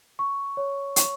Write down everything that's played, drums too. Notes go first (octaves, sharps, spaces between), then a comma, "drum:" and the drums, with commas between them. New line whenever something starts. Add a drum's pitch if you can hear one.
C#6
C#5
C#6, drum: hi-hat